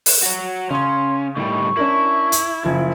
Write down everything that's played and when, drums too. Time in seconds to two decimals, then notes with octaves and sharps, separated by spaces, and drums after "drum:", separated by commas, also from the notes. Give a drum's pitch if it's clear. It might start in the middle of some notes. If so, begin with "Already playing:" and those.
0.06 drum: open hi-hat
0.23 F#4 C#5
0.70 C#3 C#4 C6 G#6
1.37 A2 D3 D#3 G3 C#6
1.77 C#4 D4 E4 A#4
2.32 drum: hi-hat
2.63 F#1 F3 G#6